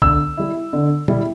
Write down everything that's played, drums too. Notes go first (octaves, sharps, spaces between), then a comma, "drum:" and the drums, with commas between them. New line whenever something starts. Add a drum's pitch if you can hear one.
D3 E6, drum: kick A#1
G3 E4
D3
G3 E4, drum: tom A#2